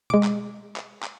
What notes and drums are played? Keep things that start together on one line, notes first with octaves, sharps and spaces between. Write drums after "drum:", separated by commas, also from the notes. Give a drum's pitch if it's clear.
G#3 D6, drum: tom B2
drum: clap
drum: clap
drum: clap